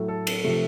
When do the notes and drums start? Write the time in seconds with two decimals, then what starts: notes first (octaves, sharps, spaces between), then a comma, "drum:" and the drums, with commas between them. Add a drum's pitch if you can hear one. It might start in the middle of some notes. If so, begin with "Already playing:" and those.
Already playing: A2 F#3 A3
0.08 A4
0.27 drum: cymbal
0.44 C3 F3 A3